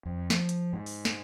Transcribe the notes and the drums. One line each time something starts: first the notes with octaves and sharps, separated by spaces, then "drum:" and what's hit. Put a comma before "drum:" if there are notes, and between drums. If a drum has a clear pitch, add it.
F2
F3, drum: snare
drum: hi-hat
G#2
drum: open hi-hat
drum: snare